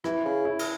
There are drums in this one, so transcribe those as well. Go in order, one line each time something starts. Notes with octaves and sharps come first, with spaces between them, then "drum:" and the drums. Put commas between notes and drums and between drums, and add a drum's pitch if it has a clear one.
E3 E4, drum: rim click
C#3
E4
drum: cymbal